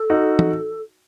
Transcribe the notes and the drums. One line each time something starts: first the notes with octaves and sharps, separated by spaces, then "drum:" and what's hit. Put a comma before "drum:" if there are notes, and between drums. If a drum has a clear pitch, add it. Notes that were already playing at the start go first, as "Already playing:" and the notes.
Already playing: A4
D#4 F#4
drum: tom